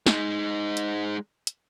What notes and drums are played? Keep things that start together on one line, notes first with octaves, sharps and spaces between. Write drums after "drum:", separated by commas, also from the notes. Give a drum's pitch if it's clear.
G#3 D#4, drum: snare
drum: hi-hat
drum: hi-hat